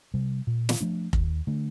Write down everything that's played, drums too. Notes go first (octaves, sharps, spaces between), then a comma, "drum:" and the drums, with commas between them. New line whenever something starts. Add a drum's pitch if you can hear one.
C3 G3
A#2
drum: snare
F3 A3 D4
D#2, drum: kick F1
D3 A3